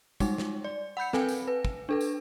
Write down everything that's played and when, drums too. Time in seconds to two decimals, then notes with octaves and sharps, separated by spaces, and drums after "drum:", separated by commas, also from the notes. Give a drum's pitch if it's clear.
0.20 G3 G#3 D#4, drum: kick, tambourine
0.38 drum: snare
0.64 D5
0.97 F#5 B5 G6 C#7
1.13 C4 A4 B4 G5 G#5, drum: snare
1.29 drum: tambourine
1.48 B4
1.65 drum: kick
1.89 D4 A4 B4
2.01 drum: tambourine